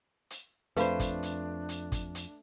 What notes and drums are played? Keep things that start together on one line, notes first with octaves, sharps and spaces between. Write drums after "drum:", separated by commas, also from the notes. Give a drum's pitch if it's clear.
drum: hi-hat
F2 A3 D4 B4 C5 F5 B5, drum: hi-hat
drum: kick, hi-hat
drum: hi-hat
drum: hi-hat
drum: kick, hi-hat
drum: hi-hat